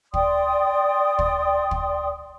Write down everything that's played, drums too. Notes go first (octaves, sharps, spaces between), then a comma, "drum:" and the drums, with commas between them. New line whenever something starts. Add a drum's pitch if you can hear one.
D5 G5 C6 D#6, drum: kick
drum: kick
drum: kick